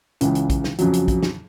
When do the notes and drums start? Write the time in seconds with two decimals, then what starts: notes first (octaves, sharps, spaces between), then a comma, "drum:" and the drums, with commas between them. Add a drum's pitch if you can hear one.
0.21 C#2 C#3 E3, drum: hi-hat
0.35 drum: hi-hat
0.50 drum: kick, hi-hat
0.64 drum: snare
0.78 F2 C#3 F#3, drum: hi-hat
0.93 drum: hi-hat
1.08 drum: kick, hi-hat
1.23 drum: snare